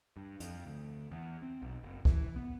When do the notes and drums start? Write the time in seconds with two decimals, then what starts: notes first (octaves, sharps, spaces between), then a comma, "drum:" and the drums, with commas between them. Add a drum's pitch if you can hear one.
0.17 G2
0.40 F2, drum: hi-hat
0.66 D2
1.11 E2
1.42 C4
1.62 B1
1.83 F#1
2.05 E3, drum: kick C2
2.36 B3